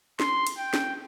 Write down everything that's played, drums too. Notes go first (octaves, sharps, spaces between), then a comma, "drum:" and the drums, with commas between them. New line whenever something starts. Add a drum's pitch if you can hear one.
C6, drum: snare
drum: cymbal
G5
drum: snare